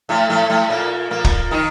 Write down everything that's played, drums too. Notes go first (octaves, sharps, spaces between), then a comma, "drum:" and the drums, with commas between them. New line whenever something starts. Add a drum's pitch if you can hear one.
A2 A3
A2 A3
A2 A3
A#2 A#3
A#2 A#3
drum: kick
D#3 D#4